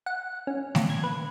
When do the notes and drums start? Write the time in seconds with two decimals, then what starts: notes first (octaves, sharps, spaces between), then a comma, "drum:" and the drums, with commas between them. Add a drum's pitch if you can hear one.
0.06 F#5
0.47 C#4
0.75 A#2, drum: snare A3
0.90 G#6
1.04 B4